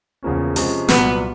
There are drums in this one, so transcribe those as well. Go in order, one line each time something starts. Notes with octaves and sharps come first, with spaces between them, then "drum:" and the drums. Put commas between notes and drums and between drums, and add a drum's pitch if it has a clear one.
E2 C#3 F3 A#3 C#4
C3 F3 G#3 C#4, drum: open hi-hat
C2 A#2 F#3 B3, drum: snare